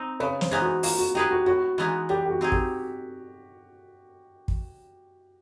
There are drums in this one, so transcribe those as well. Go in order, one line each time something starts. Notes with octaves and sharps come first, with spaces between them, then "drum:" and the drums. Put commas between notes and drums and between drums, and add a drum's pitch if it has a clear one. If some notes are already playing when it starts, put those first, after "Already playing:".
Already playing: C4 D#4
C#3 B4
C5, drum: snare
E3 G#3 B3 D#4
F#4
A#3 F4, drum: open hi-hat
F#4
D#4 G4 G#4 B4
F#4
A2 F#4
E3 G#3 B3 D#4
G3 G4
G4
F#4
C4 D#4 G#4
G4, drum: kick
drum: kick